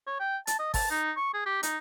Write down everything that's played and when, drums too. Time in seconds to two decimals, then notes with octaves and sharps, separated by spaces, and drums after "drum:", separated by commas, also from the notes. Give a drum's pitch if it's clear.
0.07 C#5
0.20 G5
0.47 A5, drum: hi-hat
0.59 D#5
0.74 A5, drum: kick, open hi-hat
0.90 D#4
1.17 C#6
1.34 G#4
1.46 G4
1.63 D#4, drum: hi-hat